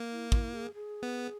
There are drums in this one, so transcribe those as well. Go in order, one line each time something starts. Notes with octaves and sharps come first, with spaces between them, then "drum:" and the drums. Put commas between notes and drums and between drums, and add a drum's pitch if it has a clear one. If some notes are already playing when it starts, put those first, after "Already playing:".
Already playing: A#3
E4
E4, drum: kick
G#4
G#4
B3